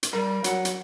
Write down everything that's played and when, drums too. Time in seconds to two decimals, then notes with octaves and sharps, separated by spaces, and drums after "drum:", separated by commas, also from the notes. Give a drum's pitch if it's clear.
0.03 drum: hi-hat
0.13 G3 A#4
0.44 F#3 F#5, drum: hi-hat
0.65 drum: hi-hat